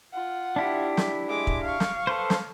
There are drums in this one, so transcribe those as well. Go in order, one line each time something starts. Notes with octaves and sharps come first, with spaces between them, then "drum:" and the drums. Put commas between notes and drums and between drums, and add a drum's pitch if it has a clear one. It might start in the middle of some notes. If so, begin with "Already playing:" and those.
F4 F#5
D4 E4 G4
drum: snare
G#3 D6
drum: kick
F5 C#6
drum: snare
A4 B4 C5
drum: snare